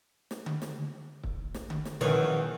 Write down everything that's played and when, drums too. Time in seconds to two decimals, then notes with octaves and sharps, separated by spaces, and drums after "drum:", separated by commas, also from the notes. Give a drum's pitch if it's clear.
0.31 drum: snare
0.46 drum: tom D3
0.62 drum: snare
1.23 drum: kick
1.54 drum: snare
1.70 drum: tom D3
1.85 drum: snare
2.01 A#1 F#2 D#3 E3 C#5